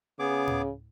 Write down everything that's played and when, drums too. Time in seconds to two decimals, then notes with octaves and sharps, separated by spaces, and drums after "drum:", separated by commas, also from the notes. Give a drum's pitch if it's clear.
0.19 C#3 B3 G#4 D6
0.47 drum: tom A2